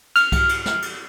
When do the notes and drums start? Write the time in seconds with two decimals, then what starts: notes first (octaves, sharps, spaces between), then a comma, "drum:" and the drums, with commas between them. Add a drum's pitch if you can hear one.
0.16 F6, drum: cymbal
0.32 drum: kick C2, cymbal
0.49 drum: cymbal
0.66 drum: snare
0.82 drum: cymbal